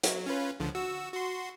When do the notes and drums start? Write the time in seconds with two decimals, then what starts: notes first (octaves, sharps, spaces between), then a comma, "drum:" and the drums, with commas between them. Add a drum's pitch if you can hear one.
0.03 F#3, drum: hi-hat
0.26 C#4 F4 B4
0.60 C#2 D3 F3
0.75 F#4 E6
1.12 F#4 C6